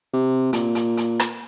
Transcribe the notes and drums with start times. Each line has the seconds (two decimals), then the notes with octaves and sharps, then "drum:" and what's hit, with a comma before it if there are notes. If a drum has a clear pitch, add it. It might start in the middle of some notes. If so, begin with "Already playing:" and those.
0.14 C3
0.53 A#2, drum: hi-hat
0.75 drum: hi-hat
0.97 drum: hi-hat
1.20 drum: rim click